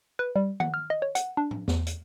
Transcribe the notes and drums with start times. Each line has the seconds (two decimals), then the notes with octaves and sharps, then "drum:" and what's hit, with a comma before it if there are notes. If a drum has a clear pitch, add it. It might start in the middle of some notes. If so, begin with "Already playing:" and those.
0.19 B4
0.36 G3
0.60 F#5, drum: tom D#3
0.74 F6
0.90 D#5
1.02 C#5
1.15 F#5, drum: hi-hat
1.37 D4
1.51 drum: tom A2
1.68 E2, drum: snare
1.87 drum: hi-hat